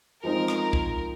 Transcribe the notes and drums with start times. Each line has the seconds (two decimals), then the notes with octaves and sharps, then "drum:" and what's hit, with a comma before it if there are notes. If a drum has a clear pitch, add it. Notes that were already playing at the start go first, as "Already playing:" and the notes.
0.24 F3 G#3 C4 D#4 A#4
0.48 drum: rim click
0.73 drum: kick